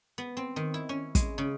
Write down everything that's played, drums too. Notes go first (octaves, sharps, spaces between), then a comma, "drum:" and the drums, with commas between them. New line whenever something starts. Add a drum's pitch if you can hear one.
B3
C4
D#3
E4
C#4
G#3, drum: kick, hi-hat
C#3